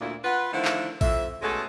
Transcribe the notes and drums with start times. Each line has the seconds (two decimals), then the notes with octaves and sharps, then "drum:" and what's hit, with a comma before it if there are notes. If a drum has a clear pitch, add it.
0.01 D2 A#2 E4
0.24 F4 B4 F#5
0.53 D3 D#3 F3 A3 E4
0.65 drum: clap
1.01 F2 E5, drum: kick A1, open hi-hat
1.42 B2 G#3 A3 C#4 G#4 A4